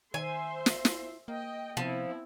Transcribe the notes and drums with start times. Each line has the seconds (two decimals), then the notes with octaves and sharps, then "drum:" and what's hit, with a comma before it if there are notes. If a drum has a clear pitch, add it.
0.14 D#3 C5 E5 G#5 C6
0.66 drum: snare
0.85 E4, drum: snare
1.28 A#3 D#5 G5
1.77 C3 F3 B3 C4 E4